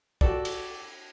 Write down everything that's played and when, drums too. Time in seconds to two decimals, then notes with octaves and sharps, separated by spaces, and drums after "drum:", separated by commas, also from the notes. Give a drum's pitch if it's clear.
0.21 F#4 G4 A4 D5, drum: kick
0.45 drum: cymbal